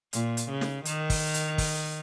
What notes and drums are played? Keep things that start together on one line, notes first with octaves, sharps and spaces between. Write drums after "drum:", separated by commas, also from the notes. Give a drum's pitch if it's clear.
A#2, drum: hi-hat
drum: hi-hat
C#3
drum: snare
D#3, drum: hi-hat
drum: kick, open hi-hat
drum: hi-hat
drum: kick, open hi-hat